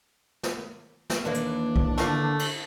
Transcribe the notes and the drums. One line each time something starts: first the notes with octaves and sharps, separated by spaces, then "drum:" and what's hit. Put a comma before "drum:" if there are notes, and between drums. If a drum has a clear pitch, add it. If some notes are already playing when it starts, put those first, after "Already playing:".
drum: snare
drum: snare
D#2 E3 A#3 D4
drum: hi-hat
drum: kick B1
D3 A3 A#4 F5, drum: snare
drum: cymbal